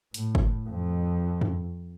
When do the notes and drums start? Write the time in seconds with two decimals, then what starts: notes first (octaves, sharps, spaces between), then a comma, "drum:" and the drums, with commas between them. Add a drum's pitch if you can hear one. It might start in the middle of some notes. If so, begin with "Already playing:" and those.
0.14 A2, drum: hi-hat
0.35 drum: kick
0.69 F2
1.41 drum: tom F2